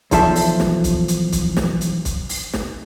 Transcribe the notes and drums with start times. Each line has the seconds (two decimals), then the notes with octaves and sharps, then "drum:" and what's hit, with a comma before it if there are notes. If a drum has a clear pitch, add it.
0.11 B1 E2 F3 A4 E5 A5, drum: kick, hi-hat
0.36 drum: open hi-hat
0.60 drum: snare
0.84 drum: kick, hi-hat
1.08 drum: hi-hat
1.32 drum: kick, hi-hat
1.57 drum: snare
1.81 drum: hi-hat
2.05 drum: kick, hi-hat
2.29 drum: open hi-hat
2.54 drum: snare